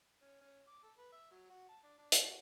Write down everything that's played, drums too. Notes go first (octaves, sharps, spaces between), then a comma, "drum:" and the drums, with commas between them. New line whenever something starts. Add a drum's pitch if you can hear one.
C#4
C#4
D6
A4
B4
E5
F#3
F#4
A5
D4
D4
drum: hi-hat
F#4